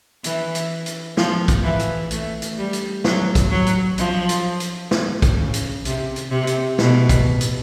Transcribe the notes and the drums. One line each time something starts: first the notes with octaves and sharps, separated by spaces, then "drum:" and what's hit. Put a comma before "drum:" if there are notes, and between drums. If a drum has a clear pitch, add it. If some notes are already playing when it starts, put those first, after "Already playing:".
E3, drum: hi-hat
drum: hi-hat
drum: hi-hat
F3, drum: snare
drum: kick, hi-hat
E3
drum: hi-hat
A3, drum: hi-hat
drum: hi-hat
G3
drum: hi-hat
F#3, drum: snare
drum: kick, hi-hat
F#3
drum: hi-hat
F3, drum: hi-hat
drum: hi-hat
drum: hi-hat
drum: snare
drum: kick, hi-hat
C#3
drum: hi-hat
C3, drum: hi-hat
drum: hi-hat
C3
drum: hi-hat
B2, drum: snare
drum: kick, hi-hat
drum: hi-hat